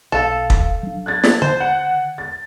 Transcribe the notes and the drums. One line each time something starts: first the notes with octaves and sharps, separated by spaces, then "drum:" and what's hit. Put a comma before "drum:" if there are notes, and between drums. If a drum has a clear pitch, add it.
B1 A4 F5 E7
drum: kick
F#3 D4
F#6 G#6 A6
drum: snare
D3 C5
F#5
A6